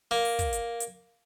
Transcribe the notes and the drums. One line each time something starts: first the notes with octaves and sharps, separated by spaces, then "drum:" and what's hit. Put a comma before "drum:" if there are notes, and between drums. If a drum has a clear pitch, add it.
A#3
drum: open hi-hat
drum: kick, hi-hat
drum: hi-hat
drum: hi-hat